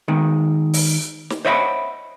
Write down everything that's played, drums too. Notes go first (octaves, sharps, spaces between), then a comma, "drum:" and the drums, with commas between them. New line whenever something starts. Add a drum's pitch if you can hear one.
D#3 G#3 B3
drum: open hi-hat
drum: snare
C5 C#5 D#5 E5 F#5 B5